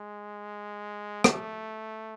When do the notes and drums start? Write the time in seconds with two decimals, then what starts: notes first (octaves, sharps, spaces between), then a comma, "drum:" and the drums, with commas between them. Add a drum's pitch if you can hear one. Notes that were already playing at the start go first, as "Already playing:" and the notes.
Already playing: G#3
1.24 A3, drum: rim click